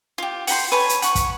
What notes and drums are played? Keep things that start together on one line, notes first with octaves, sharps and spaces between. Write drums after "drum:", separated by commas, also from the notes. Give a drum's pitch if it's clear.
F4 G4
F#5 G5 A#5 C6, drum: open hi-hat
B4 C#5 G#5 A5
drum: hi-hat
F#5 C#6, drum: hi-hat
drum: kick, hi-hat